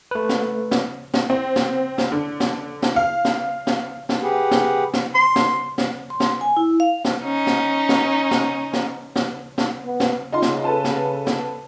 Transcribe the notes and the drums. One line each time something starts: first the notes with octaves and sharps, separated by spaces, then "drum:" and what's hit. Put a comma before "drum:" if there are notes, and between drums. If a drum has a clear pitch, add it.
A3 B4
drum: snare
drum: snare
drum: snare
C4
drum: snare
drum: snare
D3
drum: snare
drum: snare
F5
drum: snare
drum: snare
drum: snare
G4 G#4 B4 F#5
drum: snare
drum: snare
C6
drum: snare
drum: snare
C6
drum: snare
G#5
E4
F5
drum: snare
C#4 D#4
drum: snare
drum: snare
drum: snare
drum: snare
drum: snare
drum: snare
B3
drum: snare
C#3 D#4 F4 C6
drum: snare
A4 B4 A5
drum: snare
drum: snare